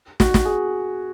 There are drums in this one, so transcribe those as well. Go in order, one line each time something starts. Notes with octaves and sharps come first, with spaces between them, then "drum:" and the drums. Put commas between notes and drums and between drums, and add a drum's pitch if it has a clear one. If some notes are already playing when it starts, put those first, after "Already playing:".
F#4, drum: snare
drum: snare
G#4